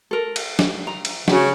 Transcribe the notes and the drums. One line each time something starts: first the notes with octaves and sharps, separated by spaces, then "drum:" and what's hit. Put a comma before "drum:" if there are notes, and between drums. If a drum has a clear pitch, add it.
A4 A#4
drum: cymbal
drum: snare
A#5
drum: cymbal
C#3 F#4 G#4 F#5, drum: snare